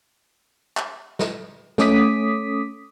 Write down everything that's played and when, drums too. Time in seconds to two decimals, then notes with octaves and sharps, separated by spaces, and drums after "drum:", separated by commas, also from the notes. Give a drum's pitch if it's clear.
0.77 drum: clap
1.19 drum: snare
1.78 A3 C#4 D6 D#6 B6, drum: snare